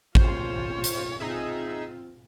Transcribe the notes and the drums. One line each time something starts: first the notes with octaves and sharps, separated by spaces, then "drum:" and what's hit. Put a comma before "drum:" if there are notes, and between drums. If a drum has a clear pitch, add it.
F4 C5 C#5, drum: kick
drum: hi-hat
C4 D#4 F4 G#4 E5